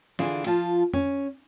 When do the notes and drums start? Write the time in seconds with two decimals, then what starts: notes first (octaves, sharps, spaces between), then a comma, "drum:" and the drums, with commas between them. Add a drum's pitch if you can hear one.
0.19 D3 E3 F4 G#4, drum: snare
0.46 F3 F4 A5
0.94 C#4, drum: tom F2